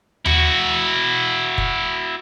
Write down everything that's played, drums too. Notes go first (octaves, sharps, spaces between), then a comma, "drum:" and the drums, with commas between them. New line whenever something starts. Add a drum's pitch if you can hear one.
E4 F#4, drum: tom D#2
drum: kick